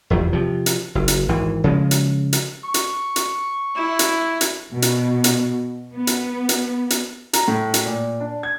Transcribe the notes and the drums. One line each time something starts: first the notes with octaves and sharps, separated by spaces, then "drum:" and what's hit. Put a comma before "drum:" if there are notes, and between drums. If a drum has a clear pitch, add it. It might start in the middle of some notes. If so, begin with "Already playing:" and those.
F1 E2 G3
C3 F3
drum: hi-hat
F#1
drum: hi-hat
G#1 E3
C#3 F3 G#3
drum: hi-hat
drum: hi-hat
C#6
drum: hi-hat
drum: hi-hat
E4
drum: hi-hat
drum: hi-hat
B2
drum: hi-hat
drum: hi-hat
B3
drum: hi-hat
drum: hi-hat
drum: hi-hat
A#5, drum: hi-hat
A2
drum: hi-hat
A#2
D4
G#6